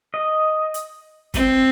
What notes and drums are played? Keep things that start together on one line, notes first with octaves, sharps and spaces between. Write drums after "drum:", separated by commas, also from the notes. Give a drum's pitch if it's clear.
D#5
drum: hi-hat
C4, drum: kick, hi-hat